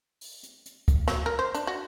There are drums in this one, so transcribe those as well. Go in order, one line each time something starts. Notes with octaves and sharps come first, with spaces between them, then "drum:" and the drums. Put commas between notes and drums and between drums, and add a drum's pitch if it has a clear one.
drum: open hi-hat
drum: hi-hat
drum: hi-hat
drum: kick, hi-hat
F#3, drum: snare
A#4
C5
D4, drum: hi-hat
F#4